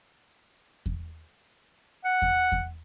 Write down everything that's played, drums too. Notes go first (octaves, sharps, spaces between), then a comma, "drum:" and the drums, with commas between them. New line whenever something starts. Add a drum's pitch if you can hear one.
drum: kick E2
F#5
drum: kick E2
drum: kick E2